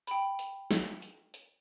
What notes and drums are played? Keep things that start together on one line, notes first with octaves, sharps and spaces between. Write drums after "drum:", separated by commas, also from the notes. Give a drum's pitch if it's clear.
G5 B5, drum: hi-hat
drum: hi-hat
drum: snare
drum: hi-hat
drum: hi-hat